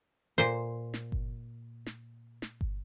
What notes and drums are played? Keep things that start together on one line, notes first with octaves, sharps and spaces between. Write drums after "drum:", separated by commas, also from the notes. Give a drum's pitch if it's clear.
A#2 C5, drum: snare
drum: snare
drum: kick G1
drum: snare
drum: snare
drum: kick G1